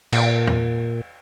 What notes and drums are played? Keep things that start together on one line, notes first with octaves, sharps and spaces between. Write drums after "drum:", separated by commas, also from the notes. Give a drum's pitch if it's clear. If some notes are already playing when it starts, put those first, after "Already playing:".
A#2, drum: cymbal
drum: tom